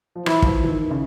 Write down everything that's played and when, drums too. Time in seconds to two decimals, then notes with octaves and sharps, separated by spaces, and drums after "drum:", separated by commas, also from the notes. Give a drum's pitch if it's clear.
0.16 F3
0.26 E3 E4, drum: rim click
0.42 F3, drum: kick
0.47 E3
0.64 E3
0.68 D#3
0.91 C#3